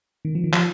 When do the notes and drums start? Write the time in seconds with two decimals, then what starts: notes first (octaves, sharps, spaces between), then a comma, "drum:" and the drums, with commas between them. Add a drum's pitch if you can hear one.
0.25 D#3
0.35 F3
0.44 D#3
0.54 F3, drum: clap